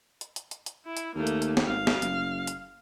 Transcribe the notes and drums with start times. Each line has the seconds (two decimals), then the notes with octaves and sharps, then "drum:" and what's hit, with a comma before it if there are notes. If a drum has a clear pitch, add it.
0.21 drum: hi-hat
0.36 drum: hi-hat
0.51 drum: hi-hat
0.66 drum: hi-hat
0.86 E4
0.97 drum: hi-hat
1.15 D#2 A3 A#3
1.27 drum: hi-hat
1.42 drum: hi-hat
1.57 drum: snare
1.67 G#1 F5
1.87 drum: snare
2.02 F#1, drum: hi-hat
2.47 drum: hi-hat